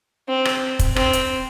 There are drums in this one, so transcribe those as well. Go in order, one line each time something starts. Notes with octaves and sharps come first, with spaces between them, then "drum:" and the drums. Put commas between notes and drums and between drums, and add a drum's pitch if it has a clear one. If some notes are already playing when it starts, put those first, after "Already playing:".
C4
drum: rim click
drum: kick, hi-hat
C4, drum: rim click
drum: hi-hat